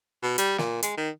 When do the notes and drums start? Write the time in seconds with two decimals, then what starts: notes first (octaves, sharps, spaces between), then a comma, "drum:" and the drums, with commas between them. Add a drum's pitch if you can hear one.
0.23 B2
0.38 G3, drum: hi-hat
0.58 A#2, drum: snare
0.83 G#3, drum: hi-hat
0.97 D#3